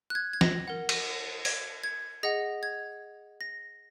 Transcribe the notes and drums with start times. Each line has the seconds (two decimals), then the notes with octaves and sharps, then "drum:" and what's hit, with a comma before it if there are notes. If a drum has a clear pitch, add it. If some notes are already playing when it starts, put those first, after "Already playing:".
0.10 F#6
0.15 G#6
0.33 G#6
0.41 A#6, drum: snare
0.68 A#4 F#5
0.89 drum: cymbal
1.45 G#6, drum: open hi-hat
1.84 G#6
2.23 G#4 D#5 F#5 A#6
2.63 G#6
3.41 A#6